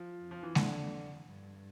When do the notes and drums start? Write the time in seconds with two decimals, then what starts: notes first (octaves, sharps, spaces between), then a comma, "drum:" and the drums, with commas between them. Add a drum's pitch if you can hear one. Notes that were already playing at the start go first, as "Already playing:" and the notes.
Already playing: F3
0.19 F2
0.31 F3
0.43 E3
0.55 D3, drum: snare G#3
1.25 G2